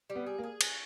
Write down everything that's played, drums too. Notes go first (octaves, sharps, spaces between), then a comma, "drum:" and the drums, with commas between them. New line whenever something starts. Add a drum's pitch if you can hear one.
G3
B3
G#4
A#3
G#4
C#4, drum: cymbal